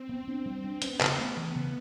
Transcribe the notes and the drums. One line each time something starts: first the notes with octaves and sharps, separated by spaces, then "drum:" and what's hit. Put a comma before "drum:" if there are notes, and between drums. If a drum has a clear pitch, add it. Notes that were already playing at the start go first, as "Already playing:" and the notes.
Already playing: C4
B3
C4 D4
G3
D4
B3 C#4, drum: hi-hat
C#3, drum: clap
A3
E3
C#3